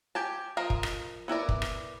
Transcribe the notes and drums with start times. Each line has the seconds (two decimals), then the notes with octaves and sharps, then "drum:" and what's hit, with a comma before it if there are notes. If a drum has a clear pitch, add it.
0.15 G4 G#5 A5
0.57 F3 A#4 D#5 F5
0.70 drum: kick
0.83 drum: rim click
1.28 B3 E4 A#4 D5
1.49 drum: kick
1.62 drum: rim click